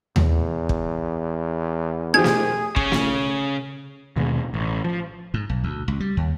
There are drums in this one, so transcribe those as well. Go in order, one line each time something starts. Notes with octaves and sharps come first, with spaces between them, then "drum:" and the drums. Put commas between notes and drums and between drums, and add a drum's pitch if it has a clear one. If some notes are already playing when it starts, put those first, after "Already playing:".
E2, drum: tom D#2
drum: kick
D#3 F3 G4 G#4 G#6
drum: snare
C#3 C#4, drum: kick
drum: snare
D#2 B2 D3 G#3
A1
F3
G#2
B1
D2
C#2
G3
D#2